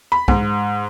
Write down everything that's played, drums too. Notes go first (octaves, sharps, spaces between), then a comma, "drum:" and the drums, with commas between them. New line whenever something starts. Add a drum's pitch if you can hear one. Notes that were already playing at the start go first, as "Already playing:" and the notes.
B5
G#2, drum: kick